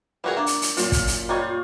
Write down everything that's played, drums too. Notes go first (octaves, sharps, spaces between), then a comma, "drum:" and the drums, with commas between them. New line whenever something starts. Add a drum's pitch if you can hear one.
E3 G3 F#4 G#4 A#4
A#3 D4
drum: hi-hat
drum: hi-hat
F#2 A#2 F4, drum: hi-hat
drum: kick, hi-hat
drum: hi-hat
G3 D#4 F4 C#5